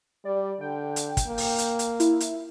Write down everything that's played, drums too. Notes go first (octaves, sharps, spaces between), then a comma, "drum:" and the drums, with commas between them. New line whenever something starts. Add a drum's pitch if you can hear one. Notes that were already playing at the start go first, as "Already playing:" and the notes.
G3 D5
D3 G5
drum: hi-hat
drum: kick, hi-hat
A#3
drum: open hi-hat
drum: hi-hat
drum: hi-hat
E4, drum: hi-hat
drum: hi-hat